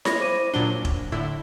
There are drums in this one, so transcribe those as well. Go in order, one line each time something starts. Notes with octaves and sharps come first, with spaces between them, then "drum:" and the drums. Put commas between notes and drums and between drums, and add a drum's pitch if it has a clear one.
C#5 B5 A#6, drum: snare E4
C5 D6 D#7
A#2 F#3 D4 G7
drum: kick E1
A2 D3 E4